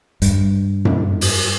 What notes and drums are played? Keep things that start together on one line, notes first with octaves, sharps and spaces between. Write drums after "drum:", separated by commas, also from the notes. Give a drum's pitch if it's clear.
G2, drum: hi-hat
drum: tom F#2
drum: open hi-hat